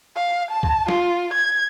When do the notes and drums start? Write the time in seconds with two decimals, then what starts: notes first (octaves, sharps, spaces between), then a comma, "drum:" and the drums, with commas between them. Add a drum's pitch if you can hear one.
0.16 F5
0.51 A5
0.63 drum: kick C#2
0.88 F4, drum: snare
1.33 G#6